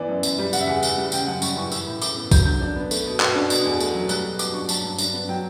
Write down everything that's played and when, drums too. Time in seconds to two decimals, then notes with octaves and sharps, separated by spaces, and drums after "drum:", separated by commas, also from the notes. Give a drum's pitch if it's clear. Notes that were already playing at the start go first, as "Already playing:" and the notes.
Already playing: E3 B3 D5
0.09 F#2
0.23 F#2, drum: tambourine
0.39 G3
0.53 C#3 F#5, drum: tambourine
0.61 E5
0.67 E2 F#5
0.83 E2, drum: tambourine
0.98 G3
1.12 C#3 G5, drum: tambourine
1.27 F#2 F#5
1.42 G3 C#6, drum: tambourine
1.56 E3 C#6
1.71 E3 E6, drum: tambourine
1.86 A2
2.01 A2 D6, drum: tambourine
2.17 B3
2.32 F#3 G6, drum: kick B1, tambourine
2.45 D3 G6
2.61 D4
2.76 B3
2.91 A3, drum: tambourine
3.06 B2
3.20 B2, drum: clap
3.35 D4
3.50 B2, drum: tambourine
3.65 E2
3.80 A3, drum: tambourine
3.95 F#3
4.09 G3 F#6, drum: tambourine
4.24 B2
4.39 B2 D6, drum: tambourine
4.54 D4 C#6
4.69 F#3 A5, drum: tambourine
4.84 G2
4.98 D4, drum: tambourine
5.13 B3
5.29 F#3 G5